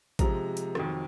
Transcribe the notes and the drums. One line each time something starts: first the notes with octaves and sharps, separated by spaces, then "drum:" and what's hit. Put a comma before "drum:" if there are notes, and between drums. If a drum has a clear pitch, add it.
C3 F3 G#3 A#5, drum: kick A1, hi-hat
drum: hi-hat
F2 D#3 F#3, drum: rim click